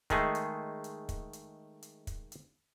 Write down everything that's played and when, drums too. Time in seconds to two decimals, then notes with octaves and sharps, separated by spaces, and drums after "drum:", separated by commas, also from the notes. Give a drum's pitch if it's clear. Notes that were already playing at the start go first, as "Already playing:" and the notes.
0.10 D#3 G#3 A3 G#4, drum: kick, hi-hat
0.35 drum: hi-hat
0.84 drum: hi-hat
1.09 drum: kick, hi-hat
1.33 drum: hi-hat
1.82 drum: hi-hat
2.07 drum: kick, hi-hat
2.32 drum: hi-hat